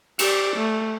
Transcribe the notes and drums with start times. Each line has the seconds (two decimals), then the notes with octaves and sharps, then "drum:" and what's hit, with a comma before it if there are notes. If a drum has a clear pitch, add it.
0.19 G4 D5, drum: cymbal
0.56 A3